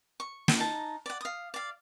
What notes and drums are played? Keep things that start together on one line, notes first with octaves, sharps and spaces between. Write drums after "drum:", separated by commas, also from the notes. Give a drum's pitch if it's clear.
C#6
drum: snare
D#4 A5 A#5
D5 F#5
F5 D#6
D5 F5